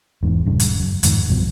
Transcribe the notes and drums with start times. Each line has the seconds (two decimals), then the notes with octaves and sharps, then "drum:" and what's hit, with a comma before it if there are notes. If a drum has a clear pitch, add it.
0.23 E1 E2 G#2
0.46 D#1 G2 C#3
0.60 drum: hi-hat
0.80 F#2
1.03 F2 G#2 D#3 G#3, drum: hi-hat
1.28 B1 G2 B2 F3